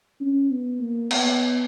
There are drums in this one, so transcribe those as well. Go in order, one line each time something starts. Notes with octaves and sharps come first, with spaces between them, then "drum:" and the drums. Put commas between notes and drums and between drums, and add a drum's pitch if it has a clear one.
C#4
B3
A#3
B3, drum: cymbal